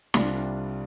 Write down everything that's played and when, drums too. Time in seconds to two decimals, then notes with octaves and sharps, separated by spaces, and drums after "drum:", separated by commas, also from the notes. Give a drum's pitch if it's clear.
0.14 C2 C3 G3 D4 F4, drum: snare